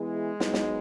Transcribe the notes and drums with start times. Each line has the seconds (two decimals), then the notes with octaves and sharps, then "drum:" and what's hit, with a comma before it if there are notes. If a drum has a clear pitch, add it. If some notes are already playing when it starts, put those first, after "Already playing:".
Already playing: E3 G#3 B3 E4 G#4
0.40 G#2 F#3 B3 D#4, drum: snare
0.54 drum: snare